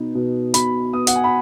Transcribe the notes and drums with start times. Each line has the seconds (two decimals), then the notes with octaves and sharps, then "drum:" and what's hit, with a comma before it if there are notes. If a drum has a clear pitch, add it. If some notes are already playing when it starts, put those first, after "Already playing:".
Already playing: B2 B3 D#4
0.15 B2
0.54 B2 B5, drum: hi-hat
0.93 B3 D#6
1.07 F#5, drum: hi-hat
1.15 G#5
1.24 B5